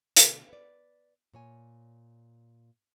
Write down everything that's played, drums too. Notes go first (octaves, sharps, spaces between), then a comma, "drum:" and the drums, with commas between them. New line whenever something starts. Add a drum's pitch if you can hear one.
B2 D3 A3, drum: hi-hat
B4 D5
A#2 C#5 G#5